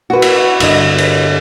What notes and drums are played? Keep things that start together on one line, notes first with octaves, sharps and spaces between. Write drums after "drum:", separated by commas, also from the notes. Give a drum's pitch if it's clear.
F#4 B4
drum: cymbal
G2 D3 D#5, drum: cymbal
drum: cymbal